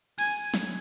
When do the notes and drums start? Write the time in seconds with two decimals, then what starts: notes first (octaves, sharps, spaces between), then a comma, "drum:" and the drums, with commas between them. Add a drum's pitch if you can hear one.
0.18 G#5, drum: cymbal
0.54 drum: snare